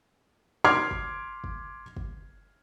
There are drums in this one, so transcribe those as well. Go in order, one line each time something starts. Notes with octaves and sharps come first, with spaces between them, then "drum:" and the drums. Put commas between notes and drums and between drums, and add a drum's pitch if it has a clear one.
C6 D6 F6 G#6 C7
drum: kick
drum: kick
drum: kick